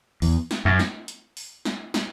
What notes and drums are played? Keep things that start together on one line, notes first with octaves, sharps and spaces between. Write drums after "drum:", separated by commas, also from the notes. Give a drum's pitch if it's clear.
E2, drum: open hi-hat
drum: snare
F#2
drum: snare
drum: hi-hat
drum: open hi-hat
drum: snare
drum: snare